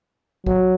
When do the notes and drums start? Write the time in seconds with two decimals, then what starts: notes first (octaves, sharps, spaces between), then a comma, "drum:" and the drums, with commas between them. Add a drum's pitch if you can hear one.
0.46 F#3, drum: kick A#1